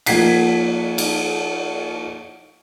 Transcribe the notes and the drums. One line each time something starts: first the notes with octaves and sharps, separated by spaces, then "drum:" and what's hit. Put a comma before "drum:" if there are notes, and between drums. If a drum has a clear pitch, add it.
F3 A#3 F#5 G#6 B6 C7, drum: cymbal
drum: cymbal